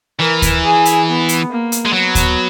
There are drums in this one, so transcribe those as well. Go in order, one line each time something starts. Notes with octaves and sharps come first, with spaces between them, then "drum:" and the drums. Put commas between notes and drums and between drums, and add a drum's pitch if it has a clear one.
E3 A#4
drum: kick D2, hi-hat
G#4
drum: hi-hat
B3
drum: hi-hat
A#3
drum: hi-hat
G#3
F#3 B3
drum: kick D2, hi-hat